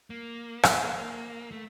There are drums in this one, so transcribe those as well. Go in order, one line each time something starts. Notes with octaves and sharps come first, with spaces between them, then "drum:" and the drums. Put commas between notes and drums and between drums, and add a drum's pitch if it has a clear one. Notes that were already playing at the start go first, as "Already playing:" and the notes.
A#3
drum: rim click
A3